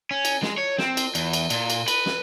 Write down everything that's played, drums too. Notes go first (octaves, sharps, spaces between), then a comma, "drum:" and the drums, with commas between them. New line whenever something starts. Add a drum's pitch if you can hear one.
C#4
drum: cymbal
G#3, drum: snare
C#5
C4, drum: snare
drum: cymbal
E2, drum: cymbal
drum: cymbal
A#2, drum: cymbal
drum: cymbal
B4, drum: cymbal
drum: snare